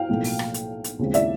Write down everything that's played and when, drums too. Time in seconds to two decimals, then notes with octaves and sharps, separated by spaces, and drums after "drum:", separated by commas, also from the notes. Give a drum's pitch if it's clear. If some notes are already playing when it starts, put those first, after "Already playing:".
Already playing: F5 G5
0.09 B1 A2 F3 A#3
0.24 drum: open hi-hat
0.39 drum: rim click
0.54 drum: hi-hat
0.84 drum: hi-hat
0.99 D#2 C#3 F3 G#3 C4
1.14 D5 E5, drum: hi-hat